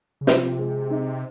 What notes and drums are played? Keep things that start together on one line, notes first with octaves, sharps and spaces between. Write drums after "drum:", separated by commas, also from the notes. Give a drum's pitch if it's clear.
C#3
C3 F3, drum: snare
G#3
D#4